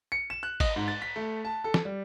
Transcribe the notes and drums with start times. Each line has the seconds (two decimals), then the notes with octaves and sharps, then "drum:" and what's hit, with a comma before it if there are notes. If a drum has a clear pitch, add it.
0.12 C#7
0.30 E7
0.43 F#6
0.60 D#5, drum: kick G#1, cymbal
0.76 G#2
0.88 A6
1.02 B6
1.16 A3
1.45 A5
1.64 A4
1.74 drum: snare
1.85 G3